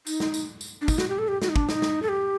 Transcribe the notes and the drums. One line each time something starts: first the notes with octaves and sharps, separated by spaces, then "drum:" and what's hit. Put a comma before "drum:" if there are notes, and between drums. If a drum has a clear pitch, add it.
D#4, drum: tambourine
drum: snare
drum: tambourine
drum: tambourine
D4
D#4, drum: kick, tambourine
F#4, drum: snare
G4
A4
G4
F#4, drum: snare
D#4
D4, drum: kick
D#4, drum: snare
drum: snare
A4
G4